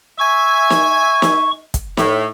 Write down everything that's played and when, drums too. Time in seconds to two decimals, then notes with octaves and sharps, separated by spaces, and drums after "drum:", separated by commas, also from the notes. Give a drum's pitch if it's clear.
0.19 E5 G#5 C#6
0.70 drum: snare
1.22 drum: snare
1.74 drum: kick, hi-hat
1.97 A2, drum: snare